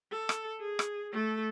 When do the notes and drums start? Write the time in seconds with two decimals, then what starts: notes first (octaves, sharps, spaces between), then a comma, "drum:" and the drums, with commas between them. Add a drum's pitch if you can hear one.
0.11 A4
0.29 drum: rim click
0.60 G#4
0.79 drum: rim click
1.12 A3 A4